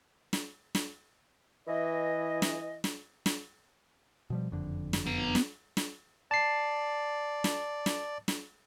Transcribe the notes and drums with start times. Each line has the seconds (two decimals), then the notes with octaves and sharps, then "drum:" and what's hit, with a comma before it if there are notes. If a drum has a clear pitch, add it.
0.33 drum: snare
0.75 drum: snare
1.68 E3 D#5
2.42 drum: snare
2.84 drum: snare
3.26 drum: snare
4.30 B2 F3 G3
4.51 F#1 F2 D3
4.93 drum: snare
5.07 B3 A#5
5.35 drum: snare
5.77 drum: snare
6.31 D5 A5 C7
7.44 drum: snare
7.86 drum: snare
8.28 drum: snare